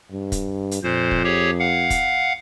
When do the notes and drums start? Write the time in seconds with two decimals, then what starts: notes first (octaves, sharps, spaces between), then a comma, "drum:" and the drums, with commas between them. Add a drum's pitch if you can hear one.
0.12 G2
0.32 drum: kick, hi-hat
0.71 drum: hi-hat
0.83 F2 A#2 C5
1.11 drum: kick
1.24 G4 G#4 C#5
1.60 F5 F#5
1.90 drum: kick, hi-hat